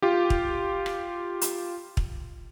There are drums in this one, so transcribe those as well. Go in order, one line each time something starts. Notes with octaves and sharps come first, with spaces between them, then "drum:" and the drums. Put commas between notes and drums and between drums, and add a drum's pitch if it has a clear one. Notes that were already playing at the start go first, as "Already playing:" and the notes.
F4 G4
drum: kick
drum: rim click
drum: hi-hat
drum: kick